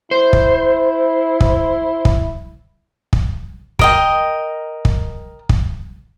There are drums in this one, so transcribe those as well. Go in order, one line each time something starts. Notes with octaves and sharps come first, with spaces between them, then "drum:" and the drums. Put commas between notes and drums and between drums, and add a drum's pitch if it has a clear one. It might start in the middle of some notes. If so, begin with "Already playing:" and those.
E4 C5
drum: kick
drum: kick
drum: kick
drum: kick
A#4 D#5 G5, drum: kick
drum: kick
drum: kick